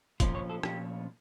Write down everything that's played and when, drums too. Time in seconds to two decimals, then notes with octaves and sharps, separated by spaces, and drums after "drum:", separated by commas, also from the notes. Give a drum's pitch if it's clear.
0.20 A#2 F3 C#4 F4, drum: kick, hi-hat
0.35 C#5
0.49 A4
0.63 A#2 F3 C#4 F4 G4, drum: rim click